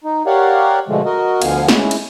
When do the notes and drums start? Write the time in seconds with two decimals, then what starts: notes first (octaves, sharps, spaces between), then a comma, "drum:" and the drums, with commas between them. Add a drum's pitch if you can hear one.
0.04 D#4
0.27 G4 A#4 C#5 D5 F5 F#5
0.88 B2 D3 F3 G#3 A3
1.05 F#4 A#4 D#5
1.42 D2 D3 F3 B3 F5 G#5, drum: cymbal
1.68 G#3 C#4 E4, drum: snare
1.91 drum: cymbal